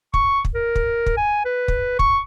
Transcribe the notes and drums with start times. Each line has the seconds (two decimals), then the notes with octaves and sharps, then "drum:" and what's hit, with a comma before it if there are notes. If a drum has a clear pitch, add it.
0.14 C#6, drum: kick
0.45 drum: kick
0.55 A#4
0.75 drum: kick
1.06 drum: kick
1.17 G#5
1.45 B4
1.68 drum: kick
1.99 C#6, drum: kick